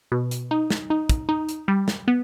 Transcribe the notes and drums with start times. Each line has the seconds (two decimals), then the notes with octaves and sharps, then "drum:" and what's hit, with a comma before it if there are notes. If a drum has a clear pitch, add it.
0.12 B2
0.31 drum: hi-hat
0.51 D#4
0.70 drum: snare
0.90 D#4
1.10 drum: kick, hi-hat
1.29 D#4
1.49 drum: hi-hat
1.68 G3
1.88 drum: snare
2.08 B3